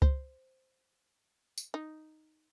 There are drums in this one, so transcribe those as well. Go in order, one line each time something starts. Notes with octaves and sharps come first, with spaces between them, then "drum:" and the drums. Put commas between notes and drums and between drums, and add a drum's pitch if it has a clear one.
C5, drum: kick C#2
drum: tambourine
D#4